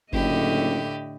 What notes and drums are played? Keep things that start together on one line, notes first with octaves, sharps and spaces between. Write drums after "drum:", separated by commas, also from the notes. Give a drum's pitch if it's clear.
F#1 A2 D3 G4 D#5 B5, drum: kick G1